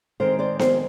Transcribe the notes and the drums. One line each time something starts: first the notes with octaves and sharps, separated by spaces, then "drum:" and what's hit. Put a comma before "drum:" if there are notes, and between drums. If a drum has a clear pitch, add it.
D#3 G#3 C4 A#4 C5
C5 D5
A#4 C5, drum: snare B3